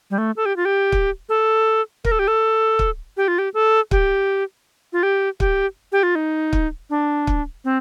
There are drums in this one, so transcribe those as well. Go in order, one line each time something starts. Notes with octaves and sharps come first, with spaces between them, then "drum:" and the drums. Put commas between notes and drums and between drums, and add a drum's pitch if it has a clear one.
G3
A3
A4
G4
F4
G4
drum: kick
A4
A#4, drum: kick
A4
G4
A4
drum: kick
G4
F4
G4
A4
G4, drum: kick
F4
G4
G4, drum: kick
G4
F4
D#4
drum: kick
D4
drum: kick
C4